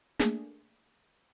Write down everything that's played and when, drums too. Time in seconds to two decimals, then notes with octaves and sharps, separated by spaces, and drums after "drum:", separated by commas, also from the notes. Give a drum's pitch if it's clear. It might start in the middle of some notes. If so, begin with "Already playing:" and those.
0.19 A3 A#3 D4 G#4, drum: snare